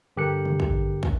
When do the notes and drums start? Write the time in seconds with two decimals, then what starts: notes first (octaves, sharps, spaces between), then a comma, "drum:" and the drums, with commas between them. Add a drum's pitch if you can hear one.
0.17 G2 D3 G4 A#4 F#6 C#7
0.45 drum: tom
0.60 drum: kick
1.03 drum: kick